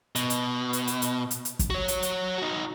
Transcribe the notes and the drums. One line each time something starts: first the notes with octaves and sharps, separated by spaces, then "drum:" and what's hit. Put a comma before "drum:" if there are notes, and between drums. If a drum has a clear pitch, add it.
B2, drum: hi-hat
drum: hi-hat
drum: hi-hat
drum: hi-hat
drum: hi-hat
drum: hi-hat
drum: hi-hat
drum: kick, hi-hat
F#4 C#5
drum: hi-hat
drum: hi-hat
D#4 F#4